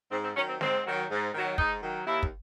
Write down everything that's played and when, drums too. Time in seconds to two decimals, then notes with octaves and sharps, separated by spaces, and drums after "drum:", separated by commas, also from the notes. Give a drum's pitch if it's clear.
0.11 G#2 C4
0.24 C4
0.36 D#3 F#3 C#4
0.48 C4
0.61 G#2 C4, drum: snare
0.85 D#3 F#3
1.10 G#2
1.34 D#3 F#3
1.58 G#2 D#4, drum: kick
1.82 D#3 F#3
2.06 D#2 E4
2.23 drum: kick